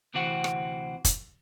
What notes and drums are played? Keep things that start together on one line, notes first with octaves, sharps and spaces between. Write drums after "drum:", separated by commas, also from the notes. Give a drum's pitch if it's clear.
D2 C3 E3 C4 F#4 F#5
drum: rim click
drum: kick, hi-hat